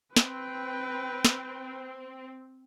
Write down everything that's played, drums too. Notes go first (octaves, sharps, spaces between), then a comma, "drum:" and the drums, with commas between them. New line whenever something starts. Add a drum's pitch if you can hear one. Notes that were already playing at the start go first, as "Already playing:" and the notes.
C4 B4 G5, drum: snare
drum: snare